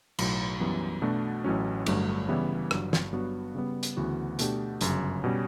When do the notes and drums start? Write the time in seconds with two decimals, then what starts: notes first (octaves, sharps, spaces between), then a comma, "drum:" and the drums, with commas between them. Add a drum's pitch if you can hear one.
0.19 B1 A2 F#3, drum: cymbal
0.60 F#2 E3 G3 B3
1.02 B2 A3 D4 F#4
1.44 A1 A2 F#3 C#4
1.86 G1 G2 F#3 A3, drum: cymbal
2.28 C#3 E3 G3 B3 E4
2.71 G1 G2 F#3, drum: rim click
2.93 drum: snare
3.13 G2 F#3 B3 F#4
3.55 C#3 G3 B3
3.83 drum: hi-hat
3.97 D2 C#3 E3 B3 F#4
4.39 B2 A3 D4 G4, drum: hi-hat
4.81 G1 F#2 C#3, drum: hi-hat
5.24 B2 G3 C#4